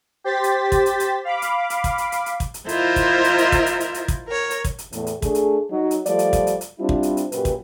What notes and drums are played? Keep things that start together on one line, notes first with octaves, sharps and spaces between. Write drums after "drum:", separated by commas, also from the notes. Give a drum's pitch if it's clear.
G4 C5 A6 B6
drum: hi-hat
drum: kick, hi-hat
drum: hi-hat
drum: hi-hat
F5 B5 D6
drum: hi-hat
drum: hi-hat
drum: kick, hi-hat
drum: hi-hat
drum: hi-hat
drum: hi-hat
drum: kick, hi-hat
drum: hi-hat
E4 F4 A#4 C5 D#5 E5, drum: hi-hat
drum: kick, hi-hat
drum: hi-hat
drum: hi-hat
drum: kick, hi-hat
drum: hi-hat
drum: hi-hat
drum: hi-hat
drum: kick, hi-hat
A#4 C#5
drum: hi-hat
drum: kick, hi-hat
drum: hi-hat
E2 A2, drum: hi-hat
drum: hi-hat
A3 D4 G#4, drum: kick, hi-hat
drum: hi-hat
F#3 D#4
drum: hi-hat
F3 G3 A3 F4 D5, drum: hi-hat
drum: hi-hat
drum: kick, hi-hat
drum: hi-hat
drum: hi-hat
G3 C4 D4 E4 F4
drum: kick
drum: hi-hat
drum: hi-hat
F#2 A#2 G4 B4, drum: hi-hat
drum: kick, hi-hat